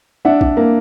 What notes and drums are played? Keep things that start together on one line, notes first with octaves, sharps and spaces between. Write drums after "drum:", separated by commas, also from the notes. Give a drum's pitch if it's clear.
D4 E5 F#5
D4, drum: kick A#1
A#3